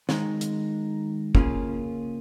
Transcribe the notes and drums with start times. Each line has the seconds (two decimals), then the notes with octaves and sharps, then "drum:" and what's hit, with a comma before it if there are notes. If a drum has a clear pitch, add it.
0.09 D#3 G#3 D#4, drum: snare
0.41 drum: hi-hat
1.35 C#3 A#3 C#4 F4 G#4, drum: kick